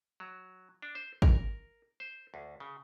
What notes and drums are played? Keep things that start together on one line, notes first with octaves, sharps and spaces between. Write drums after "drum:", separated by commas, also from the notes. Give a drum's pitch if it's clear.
F#3
D4
C5
A#4, drum: kick
C5
D2
C#3